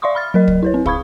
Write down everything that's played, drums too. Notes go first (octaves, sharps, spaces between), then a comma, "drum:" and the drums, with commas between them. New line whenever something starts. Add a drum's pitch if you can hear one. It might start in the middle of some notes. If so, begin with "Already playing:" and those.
D5 E5 F5 C6 C#6 D#6
B5 F6 A6
F#3 A#4 D#5
drum: kick
E4 B4 C#5
C4
G#4 F5 B5 C#6 D#6 G#6, drum: kick